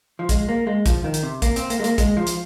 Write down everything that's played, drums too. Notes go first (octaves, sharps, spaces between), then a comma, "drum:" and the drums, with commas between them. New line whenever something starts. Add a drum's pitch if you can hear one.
F3
G#3, drum: kick A#1, hi-hat
A#3
G#3
F3, drum: kick A#1, hi-hat
D#3
drum: hi-hat
C3
A#3, drum: kick A#1, hi-hat
C4, drum: hi-hat
A#3, drum: hi-hat
G#3
A#3, drum: hi-hat
G#3, drum: kick A#1, hi-hat
F3
drum: hi-hat